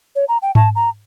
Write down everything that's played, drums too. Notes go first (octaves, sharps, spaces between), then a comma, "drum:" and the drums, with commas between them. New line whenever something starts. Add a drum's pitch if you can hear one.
C#5
A#5
G5
A5, drum: tom G#2
A#5